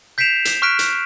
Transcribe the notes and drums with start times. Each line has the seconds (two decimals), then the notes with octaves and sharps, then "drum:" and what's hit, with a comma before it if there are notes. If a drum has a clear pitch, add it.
0.18 G6 B6 C7 D7 E7 F7
0.45 drum: hi-hat
0.62 C#6 F6 F#6 B6 D7
0.79 drum: hi-hat